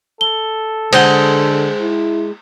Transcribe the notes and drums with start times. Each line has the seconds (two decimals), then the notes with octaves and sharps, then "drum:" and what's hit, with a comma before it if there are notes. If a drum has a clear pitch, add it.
0.21 A4 G7
0.93 D3 G#3 C5 F#5 G6 G7, drum: cymbal
1.80 E4